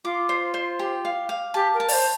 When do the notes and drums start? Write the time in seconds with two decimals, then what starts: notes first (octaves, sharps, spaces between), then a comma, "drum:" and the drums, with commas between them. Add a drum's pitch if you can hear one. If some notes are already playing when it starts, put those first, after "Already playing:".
0.04 F4 D6
0.29 C5
0.54 C5
0.79 G4
1.05 F5
1.29 F5
1.54 G4 A5
1.74 A#4
1.80 A5
1.88 D5, drum: open hi-hat
1.92 C5